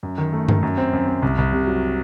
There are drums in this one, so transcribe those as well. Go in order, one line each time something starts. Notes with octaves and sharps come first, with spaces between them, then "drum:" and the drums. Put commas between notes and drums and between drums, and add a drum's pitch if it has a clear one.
F#2
D#3
A3
D#3, drum: tom G2
F#2
C4
F#2
C4
C2
C2
C3
F#3